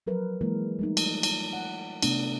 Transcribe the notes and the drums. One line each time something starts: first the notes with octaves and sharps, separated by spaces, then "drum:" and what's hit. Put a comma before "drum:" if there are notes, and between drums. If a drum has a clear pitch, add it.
F3 F#3 A#4 B4
E3 G#3 A#3 A#4
G3 A3 D#4
drum: cymbal
drum: cymbal
F#5
C3 A3 B3 D4, drum: cymbal